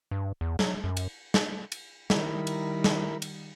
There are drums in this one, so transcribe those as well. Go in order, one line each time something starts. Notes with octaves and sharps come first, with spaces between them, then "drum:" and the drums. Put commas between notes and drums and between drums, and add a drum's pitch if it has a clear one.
G2
E2
F#3, drum: snare
F#2
drum: cymbal
drum: snare
drum: cymbal
D#3 G3 E4 A#4 B5, drum: snare
drum: cymbal
drum: snare
drum: cymbal